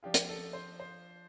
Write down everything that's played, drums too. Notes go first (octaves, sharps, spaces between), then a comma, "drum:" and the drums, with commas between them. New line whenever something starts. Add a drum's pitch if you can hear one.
F3 D4 F4 G4
drum: hi-hat
A4
C5
C5